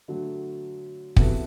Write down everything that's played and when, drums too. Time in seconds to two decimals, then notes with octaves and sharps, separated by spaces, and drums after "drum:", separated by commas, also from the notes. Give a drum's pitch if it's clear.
0.08 D3 F#3 A3
1.16 C3 E3 B3 F#4 A4, drum: kick